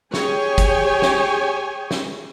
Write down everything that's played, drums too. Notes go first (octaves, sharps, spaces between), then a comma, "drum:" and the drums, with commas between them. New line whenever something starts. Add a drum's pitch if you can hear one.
G4 G#4 C#5 G5 G#5, drum: snare
drum: kick, hi-hat
drum: snare
drum: snare